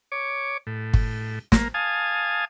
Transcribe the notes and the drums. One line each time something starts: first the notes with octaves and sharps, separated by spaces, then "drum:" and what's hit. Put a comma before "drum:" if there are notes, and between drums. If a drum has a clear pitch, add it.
C#5 D6
A2
drum: kick
A#3, drum: snare
F5 G#5 A5 D#6